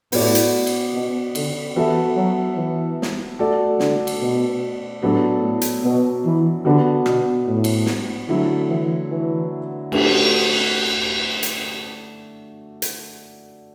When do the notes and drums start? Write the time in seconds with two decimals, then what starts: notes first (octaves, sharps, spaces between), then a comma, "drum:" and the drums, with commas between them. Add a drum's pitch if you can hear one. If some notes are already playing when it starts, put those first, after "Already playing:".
0.12 A2 B3 F#4 D5, drum: open hi-hat
0.35 drum: hi-hat
0.67 drum: cymbal
0.94 B2
1.35 D3, drum: cymbal
1.76 E3 B3 F#4 A4 E5
2.17 F#3
2.57 E3
3.02 drum: snare
3.39 A3 F#4 A4 D5
3.79 D3, drum: snare
4.07 drum: cymbal
4.21 B2
5.02 A2 F#3 B3 D4 A4
5.43 A2
5.61 drum: hi-hat
5.84 B2
6.25 E3
6.65 D3 B3 D4 F#4
7.06 B2, drum: rim click
7.47 A2
7.64 drum: cymbal
7.86 drum: snare
8.28 D3 F#3 A3 E4
8.70 E3
9.10 E3
9.92 A3 D4 F#4, drum: cymbal
11.43 drum: hi-hat
12.82 drum: hi-hat